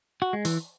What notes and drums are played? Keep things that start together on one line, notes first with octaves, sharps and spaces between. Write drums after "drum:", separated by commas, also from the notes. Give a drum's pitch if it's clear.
F#4
G#3
E3, drum: open hi-hat